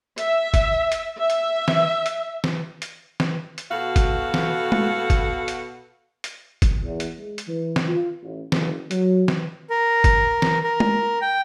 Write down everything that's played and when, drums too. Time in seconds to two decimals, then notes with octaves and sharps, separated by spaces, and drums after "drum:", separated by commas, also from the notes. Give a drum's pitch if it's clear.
0.18 E5, drum: hi-hat
0.54 drum: kick, hi-hat
0.92 drum: hi-hat
1.18 E5
1.30 drum: hi-hat
1.68 drum: snare
2.06 drum: hi-hat
2.44 drum: snare
2.82 drum: hi-hat
3.20 drum: snare
3.58 drum: hi-hat
3.71 B2 F#4 A4 F5
3.96 drum: kick, hi-hat
4.34 drum: snare
4.72 drum: tom G#3
5.10 drum: kick, hi-hat
5.48 drum: hi-hat
6.24 drum: hi-hat
6.62 drum: kick, hi-hat
6.83 E2
7.00 drum: hi-hat
7.19 G#3
7.38 drum: hi-hat
7.48 E3
7.76 drum: snare
7.88 F4
8.22 A1
8.52 F#1, drum: snare
8.91 F#3, drum: hi-hat
9.28 drum: snare
9.70 A#4
10.04 drum: kick, hi-hat
10.42 drum: snare
10.63 A#4
10.80 drum: tom G#3
11.22 G5